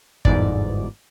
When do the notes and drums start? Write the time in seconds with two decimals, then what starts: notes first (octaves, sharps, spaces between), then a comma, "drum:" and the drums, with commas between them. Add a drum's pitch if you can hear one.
0.25 G1 E2 G#2 B2 D5, drum: kick G1